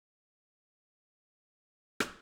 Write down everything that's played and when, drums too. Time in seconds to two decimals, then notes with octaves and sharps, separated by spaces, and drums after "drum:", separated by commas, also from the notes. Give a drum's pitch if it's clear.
0.24 F2 G#2 F3 A#3
1.06 G2 C3
1.41 A2 C#4 A4 G5
2.00 drum: rim click